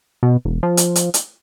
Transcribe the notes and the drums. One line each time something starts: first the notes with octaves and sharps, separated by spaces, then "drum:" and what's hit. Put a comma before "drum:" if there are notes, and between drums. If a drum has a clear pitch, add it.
B2
E1
F3
drum: hi-hat
drum: hi-hat
drum: hi-hat